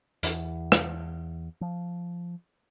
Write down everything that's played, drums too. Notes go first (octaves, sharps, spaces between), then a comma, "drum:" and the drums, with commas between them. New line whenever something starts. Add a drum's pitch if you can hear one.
E2, drum: hi-hat
drum: rim click
F3